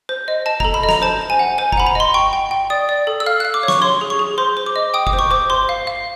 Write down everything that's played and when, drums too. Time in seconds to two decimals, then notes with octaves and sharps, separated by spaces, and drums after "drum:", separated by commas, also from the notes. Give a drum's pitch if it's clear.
0.09 C5
0.28 D#5
0.46 D#5 A5
0.60 A#5, drum: kick F1
0.65 A4
0.74 B5
0.84 D#5
0.89 A#5, drum: snare
1.02 C5 A5
1.21 C5
1.30 G#5
1.39 F#5
1.58 C5 G#5
1.72 A#5, drum: kick F1
1.77 F#5 B5
1.86 A#5
1.95 D#5 C6
2.14 G5 C#6
2.33 G5
2.51 G5
2.70 D5 D#6
2.89 D5
3.07 A4
3.20 E6
3.26 F5 F6
3.40 F#6
3.45 F5
3.54 D6
3.63 C#5
3.68 C#6, drum: snare
3.82 C#5 C6
4.01 G#4
4.10 C#6
4.19 G#4
4.38 C5 C6
4.57 C5
4.66 D6
4.76 D#5
4.94 G5 D#6
5.07 D6, drum: kick F1
5.13 C5
5.19 C#6
5.31 C5 D6
5.50 C5 C6
5.69 F5
5.87 F5